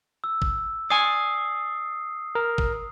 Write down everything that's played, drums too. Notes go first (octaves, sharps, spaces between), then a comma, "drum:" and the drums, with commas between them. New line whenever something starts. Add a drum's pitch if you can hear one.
E6
drum: kick
D5 G#5 D#6 C7
A#4
drum: kick